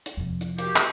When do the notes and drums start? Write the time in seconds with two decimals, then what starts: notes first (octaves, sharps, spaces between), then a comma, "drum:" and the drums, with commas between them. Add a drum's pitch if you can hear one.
0.06 drum: hi-hat
0.17 F2 C3
0.41 drum: hi-hat
0.59 A#3 F#4 G4, drum: hi-hat
0.76 drum: clap